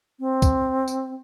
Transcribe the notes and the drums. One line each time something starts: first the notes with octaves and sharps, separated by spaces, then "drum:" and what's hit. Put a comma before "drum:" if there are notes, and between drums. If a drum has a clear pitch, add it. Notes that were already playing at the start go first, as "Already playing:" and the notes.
C4
drum: kick C2, tambourine
drum: tambourine